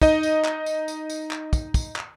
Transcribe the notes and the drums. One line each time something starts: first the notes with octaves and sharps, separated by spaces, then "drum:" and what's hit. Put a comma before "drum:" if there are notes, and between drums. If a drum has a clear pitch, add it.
D#4 D#5, drum: kick, tambourine
drum: tambourine
drum: clap
drum: tambourine
drum: tambourine
drum: tambourine
drum: clap
drum: kick, tambourine
drum: kick, tambourine
drum: clap